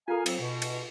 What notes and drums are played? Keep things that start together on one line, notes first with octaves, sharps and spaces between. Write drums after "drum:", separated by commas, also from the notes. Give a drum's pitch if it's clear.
F4 A4 A#4 F5 G#5
F3 F#3 C4, drum: cymbal
B2
drum: cymbal